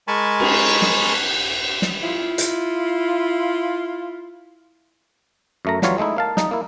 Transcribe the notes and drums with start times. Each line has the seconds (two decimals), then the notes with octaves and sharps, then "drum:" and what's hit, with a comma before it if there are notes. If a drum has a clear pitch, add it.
0.08 G#3 A#4 G#5 A5 B5 C#6
0.40 drum: cymbal
0.82 drum: snare
1.82 drum: snare
2.04 E4 F4
2.38 drum: hi-hat
5.65 F#2 A3 A#5
5.82 E3 F#3 G3 F4 C#5, drum: snare
5.98 G#3 A3 D#4 E4
6.17 A#3 F5 A5
6.37 G3 D#4, drum: snare
6.51 A#3 E4